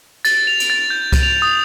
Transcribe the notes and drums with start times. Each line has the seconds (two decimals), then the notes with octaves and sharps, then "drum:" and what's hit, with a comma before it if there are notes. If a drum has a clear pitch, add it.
0.25 A6, drum: cymbal
0.47 F7
0.60 drum: cymbal
0.70 A6
0.90 G6
1.12 drum: kick C2, cymbal
1.23 F7
1.42 D#6